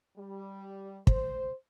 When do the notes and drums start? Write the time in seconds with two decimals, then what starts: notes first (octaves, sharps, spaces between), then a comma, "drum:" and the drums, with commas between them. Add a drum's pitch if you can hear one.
0.17 G3
1.07 C5, drum: kick